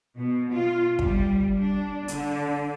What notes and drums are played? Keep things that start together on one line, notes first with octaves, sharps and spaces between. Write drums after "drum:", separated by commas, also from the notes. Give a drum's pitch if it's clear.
B2
F4
G3, drum: kick
D4
D3, drum: hi-hat